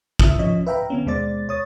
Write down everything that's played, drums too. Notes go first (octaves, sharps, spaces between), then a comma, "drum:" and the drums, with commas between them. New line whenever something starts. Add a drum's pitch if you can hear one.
E5 D#6, drum: kick
F3 C#4 C#5 D#5
B4 E5 F5 G5 A#5 B5
D3 B3 C#4
D#2 B2 G#3 C5 D5 A6
C#5 D#6 A6